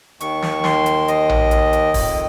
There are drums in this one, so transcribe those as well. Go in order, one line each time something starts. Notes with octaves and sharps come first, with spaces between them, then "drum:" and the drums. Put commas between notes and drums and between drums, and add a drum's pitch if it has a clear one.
D#2 D#3 C#6, drum: hi-hat
drum: snare
C6, drum: snare
drum: hi-hat
D#5, drum: hi-hat
drum: tom A#1
drum: hi-hat
drum: hi-hat
F2 D#3, drum: kick, open hi-hat